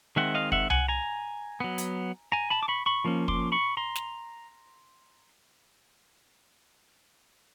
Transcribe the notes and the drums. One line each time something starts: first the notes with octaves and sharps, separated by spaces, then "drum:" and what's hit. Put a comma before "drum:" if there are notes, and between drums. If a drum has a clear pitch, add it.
D#3 G#3 C4 E5 F#5
D#5 F5
E5 F#5, drum: kick
F#5 G#5, drum: tom C2
G#5 A#5
F#3 B3
drum: hi-hat
G#5 A#5
A5 B5
D6
B5 C#6
B5 C#6
F3 A#3 C#4
C6 D6, drum: kick
B5 C#6
A#5 C6
drum: snare